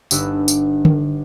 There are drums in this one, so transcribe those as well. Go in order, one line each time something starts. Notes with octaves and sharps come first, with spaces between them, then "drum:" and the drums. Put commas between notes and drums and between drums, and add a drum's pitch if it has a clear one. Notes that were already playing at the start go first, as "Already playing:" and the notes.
G1 D4 D#4 G4 B4 E6, drum: tambourine
drum: tambourine
drum: tom D3